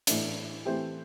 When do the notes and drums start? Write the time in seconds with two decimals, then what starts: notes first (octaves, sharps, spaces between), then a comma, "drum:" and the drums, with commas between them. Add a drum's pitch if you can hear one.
0.07 A2 E3 A3 D4, drum: hi-hat
0.65 E3 A3 C4 G4 C5